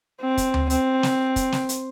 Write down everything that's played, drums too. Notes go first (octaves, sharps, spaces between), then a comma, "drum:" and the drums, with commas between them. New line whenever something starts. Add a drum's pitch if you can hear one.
C4
drum: kick, hi-hat
drum: tom D2
C4, drum: hi-hat
drum: snare
drum: kick, hi-hat
drum: snare
drum: hi-hat